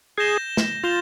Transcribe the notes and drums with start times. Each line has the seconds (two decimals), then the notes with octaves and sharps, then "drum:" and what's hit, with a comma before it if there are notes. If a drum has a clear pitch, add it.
0.18 G#4 G6 A#6 E7 G7
0.57 drum: snare
0.84 F4 G6 A#6 E7 G7